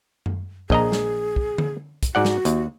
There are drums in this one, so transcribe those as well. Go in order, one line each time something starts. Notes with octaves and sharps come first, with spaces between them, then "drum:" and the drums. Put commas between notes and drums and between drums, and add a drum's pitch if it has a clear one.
drum: tom F#2
A#1 G#4 D#5 A#5, drum: kick
drum: snare
drum: kick
drum: tom D3
drum: kick, hi-hat
G#2 F#4 D5 F#5
drum: snare
D#2, drum: hi-hat